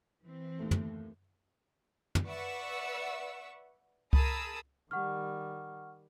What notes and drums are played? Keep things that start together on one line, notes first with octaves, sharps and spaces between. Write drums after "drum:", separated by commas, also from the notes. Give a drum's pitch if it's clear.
E3 C4
D#2 A2 A3
drum: tom
drum: tom
B4 D5 E5 F#5 C#6 E6
G#4 A#4 A5 B5 D#6 E6, drum: kick C#2
D#3 G3 F#5 C#6 F6